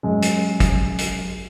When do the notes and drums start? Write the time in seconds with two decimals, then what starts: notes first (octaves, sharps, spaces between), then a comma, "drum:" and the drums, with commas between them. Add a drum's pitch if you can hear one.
0.03 F#2 G#3
0.22 drum: hi-hat
0.60 drum: kick, hi-hat
0.98 drum: hi-hat